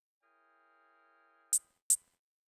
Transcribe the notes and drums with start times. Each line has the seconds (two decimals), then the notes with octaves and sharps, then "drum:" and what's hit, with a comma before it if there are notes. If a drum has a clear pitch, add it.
0.22 E4 G#4 A#4 C#5 G5
1.53 drum: hi-hat
1.90 drum: hi-hat